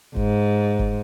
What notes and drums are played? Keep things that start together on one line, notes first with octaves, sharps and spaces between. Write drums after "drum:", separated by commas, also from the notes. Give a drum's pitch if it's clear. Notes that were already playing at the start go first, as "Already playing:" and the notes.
G#2, drum: kick
drum: kick